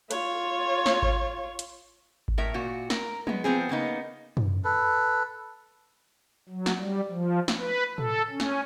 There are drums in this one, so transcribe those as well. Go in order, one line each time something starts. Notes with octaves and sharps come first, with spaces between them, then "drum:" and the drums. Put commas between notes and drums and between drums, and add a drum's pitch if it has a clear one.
F4 C#5, drum: hi-hat
drum: snare
drum: kick G#1
drum: hi-hat
drum: kick G#1
A2 A#4 E5
A#2 F#4
A#4, drum: snare
G#3 B3, drum: tom
F3 B3 C4 G#4
C#3 A#3 B3 D#4
drum: tom F#2
A4 B4
F#3
drum: snare
G3
F3
drum: snare
B4
A4, drum: tom A2
C#4
drum: snare